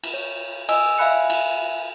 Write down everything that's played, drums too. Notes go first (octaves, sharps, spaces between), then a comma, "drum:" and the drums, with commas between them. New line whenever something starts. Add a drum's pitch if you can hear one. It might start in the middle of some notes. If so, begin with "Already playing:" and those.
drum: cymbal
C#5
D#5 G#5 E6, drum: cymbal
E5 F5 G#5 B5 F#6 C#7
drum: cymbal